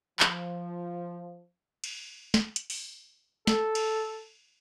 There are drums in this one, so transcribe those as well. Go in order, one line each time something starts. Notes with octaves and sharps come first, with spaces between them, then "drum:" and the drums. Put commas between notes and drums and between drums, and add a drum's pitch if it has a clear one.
F3, drum: clap
drum: cymbal
drum: snare
drum: hi-hat
drum: open hi-hat
A4, drum: snare
drum: cymbal